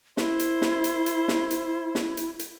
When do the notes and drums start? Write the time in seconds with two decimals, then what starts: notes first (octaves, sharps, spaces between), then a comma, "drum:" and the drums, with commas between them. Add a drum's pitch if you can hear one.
0.17 E4 C5, drum: snare
0.39 drum: hi-hat
0.62 drum: snare
0.84 drum: hi-hat
1.06 drum: hi-hat
1.28 drum: snare
1.51 drum: hi-hat
1.95 drum: snare
2.17 drum: hi-hat
2.39 drum: hi-hat